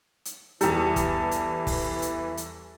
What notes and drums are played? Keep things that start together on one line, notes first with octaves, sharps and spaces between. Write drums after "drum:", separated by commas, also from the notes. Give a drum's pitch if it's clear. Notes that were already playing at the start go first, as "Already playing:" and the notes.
drum: hi-hat
E2 E3 G3 E4 A4 A#5, drum: hi-hat
drum: kick, hi-hat
drum: hi-hat
drum: kick, open hi-hat
drum: hi-hat
drum: hi-hat